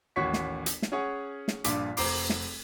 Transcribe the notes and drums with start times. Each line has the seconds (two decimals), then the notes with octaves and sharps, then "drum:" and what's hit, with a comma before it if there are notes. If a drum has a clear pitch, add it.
0.16 A1 D#2 F#4 C#5 C#6 B6
0.33 drum: snare
0.66 drum: hi-hat
0.82 drum: snare
0.92 C#4 G#4 C#5 F#5
1.48 drum: snare
1.64 A#1 G2 A#2 D6 B6, drum: hi-hat
1.97 F1 C5 A#5 D6 C7, drum: open hi-hat
2.29 drum: snare